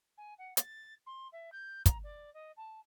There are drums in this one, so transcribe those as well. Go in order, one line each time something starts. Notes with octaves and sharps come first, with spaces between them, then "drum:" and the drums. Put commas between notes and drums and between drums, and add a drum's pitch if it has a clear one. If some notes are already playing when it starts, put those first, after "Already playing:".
G#5
F#5
A6, drum: hi-hat
C6
E5
G6
A#5, drum: kick, hi-hat
D5
D#5
A5